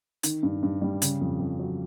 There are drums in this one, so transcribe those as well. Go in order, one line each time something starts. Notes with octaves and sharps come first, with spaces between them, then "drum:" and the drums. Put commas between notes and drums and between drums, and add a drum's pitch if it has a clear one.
D#3, drum: hi-hat
G2
G2
G3
C#3, drum: hi-hat
F2
F2
F#3